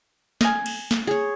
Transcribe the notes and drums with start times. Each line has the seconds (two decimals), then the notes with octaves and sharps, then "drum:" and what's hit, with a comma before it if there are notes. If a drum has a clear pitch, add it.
0.41 D#5 F5 G#5, drum: snare
0.66 drum: cymbal
0.91 drum: snare
1.07 G#4 C#5